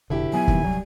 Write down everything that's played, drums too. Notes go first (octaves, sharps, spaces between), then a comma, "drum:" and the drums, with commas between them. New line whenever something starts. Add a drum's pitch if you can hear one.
F1 B2 D3 E4 G4
F#3 B3 G#5
D#1 D#3, drum: kick
D1 C2 F#3 G3